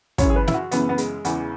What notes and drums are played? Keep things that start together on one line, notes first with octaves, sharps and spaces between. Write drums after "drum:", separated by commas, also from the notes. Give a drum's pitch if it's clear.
F#2 C#3 E3 C#5, drum: kick, hi-hat
G#4
B4
E4, drum: snare
F#4
F#2 C#3 E3 B3, drum: hi-hat
B3
G#3, drum: hi-hat
E2 C#3 E3, drum: hi-hat